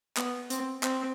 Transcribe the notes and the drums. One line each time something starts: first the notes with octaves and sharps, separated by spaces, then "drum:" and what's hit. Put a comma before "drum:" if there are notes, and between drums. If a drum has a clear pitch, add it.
B3, drum: clap
C4, drum: hi-hat
C4, drum: clap